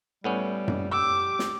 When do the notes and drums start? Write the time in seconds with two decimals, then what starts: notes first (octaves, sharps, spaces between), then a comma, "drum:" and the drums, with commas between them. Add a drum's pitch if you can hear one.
0.24 A2 G3 B3 C#4
0.68 drum: tom F#2
0.91 G4 D6 E6
1.39 drum: snare